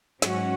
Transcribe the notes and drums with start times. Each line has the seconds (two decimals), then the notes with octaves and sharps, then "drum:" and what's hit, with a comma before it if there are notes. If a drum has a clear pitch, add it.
0.22 G#2 F#3 C#4 F#4, drum: snare